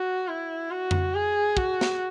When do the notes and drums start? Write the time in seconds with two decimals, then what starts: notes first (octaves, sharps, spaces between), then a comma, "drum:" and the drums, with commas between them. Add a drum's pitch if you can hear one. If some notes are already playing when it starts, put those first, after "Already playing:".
Already playing: F#4
0.28 E4
0.71 F#4
0.91 drum: tom F2
1.14 G#4
1.57 F#4, drum: kick
1.81 drum: snare